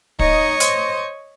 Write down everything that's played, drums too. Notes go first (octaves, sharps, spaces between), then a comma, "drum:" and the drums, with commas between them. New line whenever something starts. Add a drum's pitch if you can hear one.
D#4 C#5 D#5, drum: kick
C5, drum: hi-hat